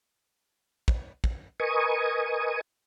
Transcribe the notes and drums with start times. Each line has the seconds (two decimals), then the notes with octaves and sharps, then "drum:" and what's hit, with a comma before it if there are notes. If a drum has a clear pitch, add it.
0.88 drum: kick
1.24 drum: kick
1.60 A#4 B4 D#5 G#5 C#6 D#6